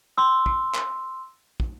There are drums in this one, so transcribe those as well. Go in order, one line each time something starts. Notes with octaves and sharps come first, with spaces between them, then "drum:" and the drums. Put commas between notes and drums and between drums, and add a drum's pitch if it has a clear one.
C6 E6
drum: kick
drum: clap
drum: kick